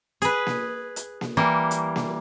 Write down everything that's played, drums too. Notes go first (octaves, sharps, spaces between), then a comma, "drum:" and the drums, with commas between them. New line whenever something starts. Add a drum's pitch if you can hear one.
G#4 B4, drum: hi-hat
drum: snare A#3
drum: hi-hat
drum: snare A#3
E3 G3 A#3
drum: hi-hat
drum: snare A#3